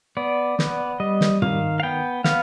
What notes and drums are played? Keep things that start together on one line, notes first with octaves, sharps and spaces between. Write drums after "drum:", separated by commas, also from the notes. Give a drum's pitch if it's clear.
B3 D5
B3, drum: snare
G3 D#5
drum: snare
D#3 F5, drum: tom
F5
B3 G5
B3 F5, drum: snare